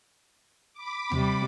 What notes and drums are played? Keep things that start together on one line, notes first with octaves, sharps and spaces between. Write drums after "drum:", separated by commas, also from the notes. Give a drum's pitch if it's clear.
B5 D6
C3 G3, drum: tom D#2